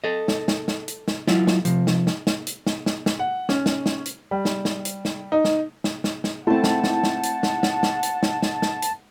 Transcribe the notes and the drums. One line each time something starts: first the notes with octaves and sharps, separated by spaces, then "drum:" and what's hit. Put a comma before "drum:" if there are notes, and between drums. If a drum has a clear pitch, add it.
A4 D#5
drum: snare
drum: snare
drum: snare
drum: hi-hat
drum: snare
F#3 E4 F4, drum: snare
drum: snare
C3 F3, drum: hi-hat
drum: snare
drum: snare
drum: snare
drum: hi-hat
drum: snare
drum: snare
drum: snare
F#5
C#4, drum: snare
drum: snare
drum: snare
drum: hi-hat
G3
drum: snare
drum: snare
drum: hi-hat
drum: snare
D#4
drum: snare
drum: snare
drum: snare
drum: snare
A3 C4 E4 F#5 A5
drum: snare
drum: snare
drum: snare
drum: hi-hat
drum: snare
drum: snare
drum: snare
drum: hi-hat
drum: snare
drum: snare
drum: snare
drum: hi-hat